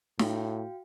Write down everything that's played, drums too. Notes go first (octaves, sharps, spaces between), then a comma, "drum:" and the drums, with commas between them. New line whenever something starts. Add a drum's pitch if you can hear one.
A2 F#4 F5 G5, drum: snare